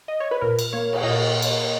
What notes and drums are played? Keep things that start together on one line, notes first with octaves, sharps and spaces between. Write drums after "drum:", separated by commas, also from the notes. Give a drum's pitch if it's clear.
D#5
C#5
B4
A#2 A#4
drum: cymbal
A#3 C#5
drum: cymbal
A#2 D#5
drum: cymbal